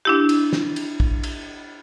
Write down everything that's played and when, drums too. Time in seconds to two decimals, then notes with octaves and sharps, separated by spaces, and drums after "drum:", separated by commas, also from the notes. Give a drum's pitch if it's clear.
0.05 D4 E4 G4
0.29 drum: cymbal
0.53 drum: snare
0.76 drum: cymbal
1.00 drum: kick
1.23 drum: cymbal